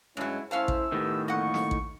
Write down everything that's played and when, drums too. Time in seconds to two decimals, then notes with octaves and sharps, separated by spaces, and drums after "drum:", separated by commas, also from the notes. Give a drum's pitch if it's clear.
0.17 G2 F#3 G#3 C#4 E4
0.51 A2 C#4 E4 C5 F5 A5 E6
0.68 drum: kick A1
0.92 A2 D#3 B3 G4
1.28 F2 D3 A#3 D#5 F#5 C#6
1.54 drum: snare
1.71 drum: kick A1